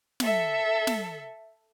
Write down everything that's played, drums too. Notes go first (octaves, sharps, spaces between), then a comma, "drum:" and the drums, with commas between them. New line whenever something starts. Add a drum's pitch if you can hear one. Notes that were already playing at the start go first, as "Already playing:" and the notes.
A4 E5, drum: snare
drum: snare